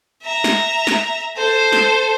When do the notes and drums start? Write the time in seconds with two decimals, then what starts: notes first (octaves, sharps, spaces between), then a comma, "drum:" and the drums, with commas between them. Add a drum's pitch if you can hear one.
0.23 E5 A#5
0.44 drum: snare
0.87 drum: snare
1.36 A4 C5
1.72 drum: snare